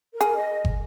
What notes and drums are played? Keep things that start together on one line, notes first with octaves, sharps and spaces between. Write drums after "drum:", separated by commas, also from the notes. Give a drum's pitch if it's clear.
A#4
G#4, drum: hi-hat
D#5
drum: kick